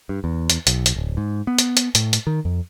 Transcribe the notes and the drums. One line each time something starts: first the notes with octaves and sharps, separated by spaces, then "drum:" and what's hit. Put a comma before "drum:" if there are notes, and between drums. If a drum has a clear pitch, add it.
G2
E2
drum: hi-hat
B1, drum: hi-hat
drum: hi-hat
D1
G#2
B3
drum: hi-hat
drum: hi-hat
A2, drum: hi-hat
drum: hi-hat
D#3
F2